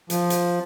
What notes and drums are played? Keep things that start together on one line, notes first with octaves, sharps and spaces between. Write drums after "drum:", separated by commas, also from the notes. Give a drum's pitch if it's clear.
F3, drum: hi-hat
drum: hi-hat